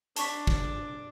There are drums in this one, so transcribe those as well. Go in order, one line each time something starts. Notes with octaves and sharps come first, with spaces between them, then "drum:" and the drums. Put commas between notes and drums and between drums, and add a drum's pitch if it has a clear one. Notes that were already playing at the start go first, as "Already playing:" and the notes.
D4 A5 C#6 B6, drum: hi-hat
drum: kick